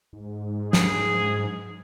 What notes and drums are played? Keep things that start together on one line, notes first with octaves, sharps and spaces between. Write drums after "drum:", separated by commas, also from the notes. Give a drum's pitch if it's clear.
G#2
G#4, drum: snare